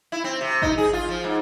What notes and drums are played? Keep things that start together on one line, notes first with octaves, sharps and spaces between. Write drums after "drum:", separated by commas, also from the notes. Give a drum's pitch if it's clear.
E4
C4
C3
D#4, drum: kick G#1
G#4
F4
F3
G#2